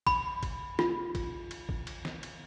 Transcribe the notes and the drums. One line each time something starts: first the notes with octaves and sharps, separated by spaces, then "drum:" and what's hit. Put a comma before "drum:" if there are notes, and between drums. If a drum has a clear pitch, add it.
B5, drum: kick, cymbal
drum: kick, cymbal
F4, drum: snare
drum: kick, cymbal
drum: cymbal
drum: kick
drum: cymbal
drum: snare
drum: cymbal